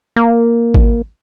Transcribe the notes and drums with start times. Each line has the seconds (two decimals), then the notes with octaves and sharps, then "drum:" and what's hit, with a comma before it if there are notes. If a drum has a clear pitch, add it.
0.16 A#3
0.74 drum: kick G#1